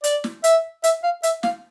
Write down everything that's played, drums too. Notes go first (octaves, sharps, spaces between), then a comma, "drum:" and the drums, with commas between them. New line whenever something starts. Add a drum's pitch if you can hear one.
D5, drum: hi-hat
drum: snare
E5, drum: hi-hat
E5, drum: hi-hat
F5
E5, drum: hi-hat
F5, drum: snare